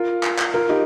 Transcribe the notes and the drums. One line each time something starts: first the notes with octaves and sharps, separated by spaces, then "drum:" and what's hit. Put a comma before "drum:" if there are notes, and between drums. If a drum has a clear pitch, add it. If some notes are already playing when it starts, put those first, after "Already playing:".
Already playing: F4 A#4
drum: clap
drum: clap
F4 A#4
D#4 G4